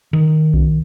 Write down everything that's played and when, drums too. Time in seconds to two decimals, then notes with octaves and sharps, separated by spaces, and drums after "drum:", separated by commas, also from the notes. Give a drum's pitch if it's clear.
0.13 D#3
0.54 drum: kick B1